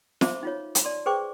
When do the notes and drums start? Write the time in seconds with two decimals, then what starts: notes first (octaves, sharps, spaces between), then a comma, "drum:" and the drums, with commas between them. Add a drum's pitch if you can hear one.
0.21 F#4 C5 E5 F5 D6, drum: snare
0.43 D#4 F4 C#5
0.75 drum: hi-hat
0.85 D5 A5 C6
1.06 G#4 B4 C5 G5 C#6 D6